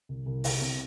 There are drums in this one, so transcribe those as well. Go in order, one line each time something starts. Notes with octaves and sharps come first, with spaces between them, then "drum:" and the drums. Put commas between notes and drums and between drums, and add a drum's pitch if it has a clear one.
C2
C2
C2, drum: open hi-hat
C3